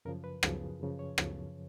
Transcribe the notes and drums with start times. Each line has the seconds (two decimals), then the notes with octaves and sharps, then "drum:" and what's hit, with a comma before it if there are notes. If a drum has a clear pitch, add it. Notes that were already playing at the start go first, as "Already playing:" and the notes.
0.05 F#2 C#3 F3 A#4
0.24 B4
0.43 F#2 C#3 F3 G#4, drum: rim click
0.79 F#2 C#3 F3
0.99 C#5
1.18 F#2 C#3 F3, drum: rim click